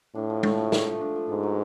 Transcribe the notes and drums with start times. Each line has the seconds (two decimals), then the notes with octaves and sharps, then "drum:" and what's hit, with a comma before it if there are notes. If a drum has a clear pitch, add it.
0.15 A2 D4
0.30 F3
0.43 A3, drum: tom G#3
0.57 F3
0.72 A3, drum: snare
0.87 F3
1.01 D4
1.16 F3
1.29 G#2 B3
1.43 F#3